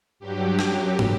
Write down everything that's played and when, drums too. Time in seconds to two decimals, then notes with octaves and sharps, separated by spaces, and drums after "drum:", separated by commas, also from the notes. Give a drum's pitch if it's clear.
0.20 G2 F#3 G4
0.59 F#2 F#3, drum: rim click
0.99 drum: tom